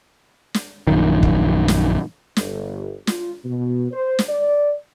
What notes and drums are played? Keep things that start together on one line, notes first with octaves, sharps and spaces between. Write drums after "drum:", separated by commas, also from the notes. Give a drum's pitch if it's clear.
drum: snare
A#1 F#2 D#3
drum: kick
drum: snare
G1, drum: snare
F4, drum: snare
B2
C5
drum: snare
D5